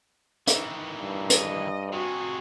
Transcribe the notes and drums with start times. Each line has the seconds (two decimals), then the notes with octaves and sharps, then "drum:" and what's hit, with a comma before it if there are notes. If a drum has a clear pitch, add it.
0.47 D#3 E3, drum: hi-hat
0.97 G2
1.30 D#5, drum: hi-hat
1.93 C3 F#4 G#4